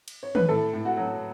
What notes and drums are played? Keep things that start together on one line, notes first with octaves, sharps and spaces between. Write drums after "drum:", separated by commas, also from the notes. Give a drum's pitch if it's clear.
drum: cymbal
C#5
B4, drum: tom D#3
A2 A4
A2
F#4
F#3